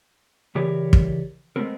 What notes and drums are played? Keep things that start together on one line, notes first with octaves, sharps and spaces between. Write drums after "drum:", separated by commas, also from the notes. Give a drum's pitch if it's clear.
C#3 E3 G4 A#4 C#5 D5
drum: kick
G#3 A3 B3 C4 A#4